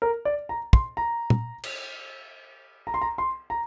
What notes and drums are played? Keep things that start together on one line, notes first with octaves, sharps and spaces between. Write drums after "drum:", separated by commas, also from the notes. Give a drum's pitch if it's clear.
A#4
D5
A#5
C6, drum: kick
A#5
drum: tom
drum: cymbal
A#5
C6
A#5
C6
A#5